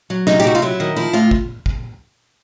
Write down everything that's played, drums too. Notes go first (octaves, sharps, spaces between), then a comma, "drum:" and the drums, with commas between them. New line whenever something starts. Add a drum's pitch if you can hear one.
F#3
C3 D#4, drum: snare
G4
C3 F#4
F4
F#3 E4
D#3
F3 E4
A2 F4
drum: kick
drum: kick